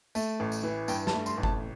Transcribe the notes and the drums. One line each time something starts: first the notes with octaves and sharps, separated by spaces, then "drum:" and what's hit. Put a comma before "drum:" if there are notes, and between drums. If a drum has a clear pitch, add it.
A3, drum: tambourine
A1
drum: tambourine
E3
G2 G5, drum: tambourine
A5, drum: snare
A3
C6, drum: tambourine
A1
A5, drum: kick G1